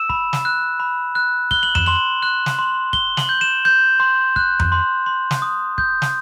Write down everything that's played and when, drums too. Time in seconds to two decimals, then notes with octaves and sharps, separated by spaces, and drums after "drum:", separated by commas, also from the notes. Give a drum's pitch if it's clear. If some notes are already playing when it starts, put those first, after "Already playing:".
Already playing: E6 E7
0.10 B5, drum: kick
0.33 drum: snare
0.45 F#6
0.80 B5
1.15 F#6
1.51 F#6 G7, drum: kick
1.63 F#7
1.75 E7, drum: tom F2
1.86 C6 F#7
2.23 F#6
2.46 drum: snare
2.59 C6
2.93 C6 G7, drum: kick
3.17 F#7, drum: snare
3.29 G6
3.41 E7
3.65 G6
4.00 C6
4.36 F#6, drum: kick
4.60 drum: tom F2
4.72 C6
5.06 C6
5.31 drum: snare
5.42 D#6
5.78 G6, drum: kick
6.02 drum: snare